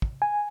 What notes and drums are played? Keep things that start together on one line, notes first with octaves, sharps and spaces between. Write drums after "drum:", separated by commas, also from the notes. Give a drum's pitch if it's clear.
drum: kick
G#5